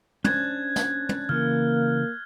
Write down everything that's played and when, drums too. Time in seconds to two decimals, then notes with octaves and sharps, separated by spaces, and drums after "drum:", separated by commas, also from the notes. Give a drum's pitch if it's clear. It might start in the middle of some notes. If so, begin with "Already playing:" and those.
0.24 C#4 D4 C5 F#6 G#6 A6, drum: tom
0.76 drum: snare
1.09 drum: tom
1.29 C#3 E3 A#3 C#4 F6